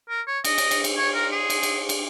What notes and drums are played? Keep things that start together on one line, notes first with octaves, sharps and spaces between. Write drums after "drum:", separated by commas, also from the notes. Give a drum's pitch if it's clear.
A#4
C#5
D#5, drum: cymbal
drum: cymbal
drum: cymbal
drum: cymbal
C#5
A#4
G#4
drum: cymbal
drum: cymbal
drum: cymbal